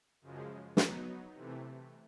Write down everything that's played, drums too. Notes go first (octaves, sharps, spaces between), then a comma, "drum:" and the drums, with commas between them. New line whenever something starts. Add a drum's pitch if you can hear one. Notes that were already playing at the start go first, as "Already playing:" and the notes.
F#2 C#3 F3 G#3
F#3 B3 D#4, drum: snare
C3 E3 A3